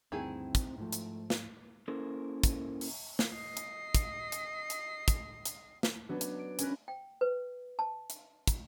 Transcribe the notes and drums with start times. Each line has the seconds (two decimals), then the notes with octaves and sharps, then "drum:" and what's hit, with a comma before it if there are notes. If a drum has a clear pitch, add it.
0.12 D2 G2 D#3 C4 E4 G#4
0.55 drum: kick, hi-hat
0.78 G#2 F3 A3
0.93 drum: hi-hat
1.30 drum: snare
1.88 A#3 C#4 E4 A4 A#4 C5
2.43 drum: kick, hi-hat
2.81 drum: open hi-hat
3.19 drum: snare
3.32 D#5 C7
3.57 drum: hi-hat
3.94 drum: kick, hi-hat
4.32 drum: hi-hat
4.70 drum: hi-hat
5.08 drum: kick, hi-hat
5.45 drum: hi-hat
5.83 drum: snare
6.09 F#3 B3 D4
6.21 drum: hi-hat
6.39 D7
6.59 C#4 A#4 B4, drum: hi-hat
6.88 G5
7.21 B4
7.79 A5
8.10 drum: hi-hat
8.47 drum: kick, hi-hat